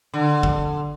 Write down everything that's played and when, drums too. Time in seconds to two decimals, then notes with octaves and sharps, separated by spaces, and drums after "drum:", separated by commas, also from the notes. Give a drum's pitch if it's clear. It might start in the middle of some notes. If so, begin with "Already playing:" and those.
0.14 D3
0.43 drum: kick